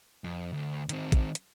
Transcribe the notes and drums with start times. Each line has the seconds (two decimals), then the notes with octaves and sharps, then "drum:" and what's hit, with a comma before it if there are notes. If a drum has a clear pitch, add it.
0.24 F2
0.53 D2
0.89 D#3 C4, drum: hi-hat
1.12 drum: kick, hi-hat
1.35 drum: hi-hat